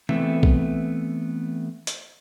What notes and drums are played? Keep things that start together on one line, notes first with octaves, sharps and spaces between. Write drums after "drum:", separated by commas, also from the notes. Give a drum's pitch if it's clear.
E3 A3 B3 C4 E5, drum: tom C#3
drum: kick A#1
drum: hi-hat